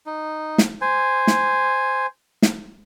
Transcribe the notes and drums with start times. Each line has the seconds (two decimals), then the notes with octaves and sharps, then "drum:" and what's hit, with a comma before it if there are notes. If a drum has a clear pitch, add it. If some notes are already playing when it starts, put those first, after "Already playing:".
0.06 D#4
0.58 drum: snare
0.81 C5 G#5
1.27 drum: snare
2.42 drum: snare